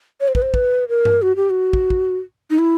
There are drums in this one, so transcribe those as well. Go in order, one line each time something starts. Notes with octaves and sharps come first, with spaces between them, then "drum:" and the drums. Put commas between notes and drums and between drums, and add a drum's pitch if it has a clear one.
C#5
C5
B4, drum: kick
C5
B4, drum: kick
A#4
drum: tom G2
F#4
G4
F#4
drum: kick
drum: kick
D#4
E4